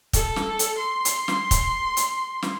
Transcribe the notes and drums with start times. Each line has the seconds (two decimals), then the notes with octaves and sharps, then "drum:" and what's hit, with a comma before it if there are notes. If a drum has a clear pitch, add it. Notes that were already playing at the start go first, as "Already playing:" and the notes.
0.13 A4, drum: kick, hi-hat
0.36 drum: snare
0.59 drum: hi-hat
0.77 C6
1.05 drum: hi-hat
1.28 drum: snare
1.51 drum: kick, hi-hat
1.97 drum: hi-hat
2.42 drum: snare